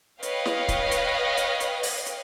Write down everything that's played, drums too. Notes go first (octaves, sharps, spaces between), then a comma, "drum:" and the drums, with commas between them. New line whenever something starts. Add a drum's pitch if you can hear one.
B4 C#5 D#5 F5 G5, drum: hi-hat
drum: snare
drum: kick, hi-hat
drum: hi-hat
drum: hi-hat
drum: hi-hat
drum: open hi-hat
drum: hi-hat